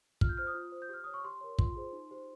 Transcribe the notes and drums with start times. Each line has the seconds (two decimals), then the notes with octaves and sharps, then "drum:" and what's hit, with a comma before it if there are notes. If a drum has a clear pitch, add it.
0.21 F4 F6, drum: kick
0.29 G6
0.37 C5 F6
0.47 D#6
0.55 F4
0.72 C5
0.82 G6
0.89 G4 F6
1.04 C#5 D#6
1.14 C#6
1.24 G4 C6
1.41 A#4 C#5
1.59 F4 C6, drum: kick
1.76 G#4 C5
1.93 D#4
2.11 G4 C5